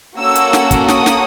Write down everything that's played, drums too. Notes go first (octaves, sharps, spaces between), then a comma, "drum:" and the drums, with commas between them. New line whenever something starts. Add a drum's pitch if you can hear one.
A#3 C#4 F#4 A4 E6
drum: hi-hat
drum: snare
drum: kick, hi-hat
D#6, drum: snare
drum: snare